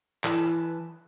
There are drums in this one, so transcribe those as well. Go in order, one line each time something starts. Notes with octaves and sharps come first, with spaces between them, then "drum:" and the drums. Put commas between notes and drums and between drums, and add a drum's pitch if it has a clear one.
E3 B4 A5, drum: clap